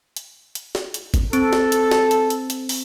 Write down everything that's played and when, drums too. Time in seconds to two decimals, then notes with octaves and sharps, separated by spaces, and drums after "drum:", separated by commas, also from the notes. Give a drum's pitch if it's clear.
0.16 drum: hi-hat
0.55 drum: hi-hat
0.75 drum: snare
0.94 drum: hi-hat
1.14 drum: kick G#1, hi-hat
1.33 C4 A4, drum: hi-hat
1.53 drum: snare
1.72 drum: hi-hat
1.91 drum: snare
2.11 drum: hi-hat
2.30 drum: hi-hat
2.50 drum: hi-hat
2.69 drum: open hi-hat